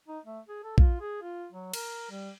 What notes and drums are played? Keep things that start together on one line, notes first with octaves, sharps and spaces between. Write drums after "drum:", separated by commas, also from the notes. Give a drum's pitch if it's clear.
D#4
A3
G#4
A4
F4, drum: kick
G#4
F4
F#3
A#4, drum: cymbal
G3